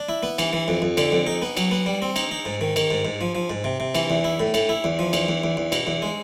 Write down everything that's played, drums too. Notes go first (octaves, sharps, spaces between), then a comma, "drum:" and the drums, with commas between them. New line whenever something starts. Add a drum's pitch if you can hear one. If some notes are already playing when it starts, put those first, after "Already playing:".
Already playing: D4
E4
B3
E3, drum: cymbal
E3
F2
F2
D3, drum: cymbal
F2
D#4
B3
F#3, drum: cymbal
B3
G3
C4
D#4, drum: cymbal
D#4
G#2
D#3
D#3, drum: cymbal
G#2
G#2
F3
F3
G#2
C3
C3
E3, drum: cymbal
E2
E4
A2
A2, drum: cymbal
E4
E2
F3
E2, drum: cymbal
E2
E2
E2
B2, drum: cymbal
E2
G#3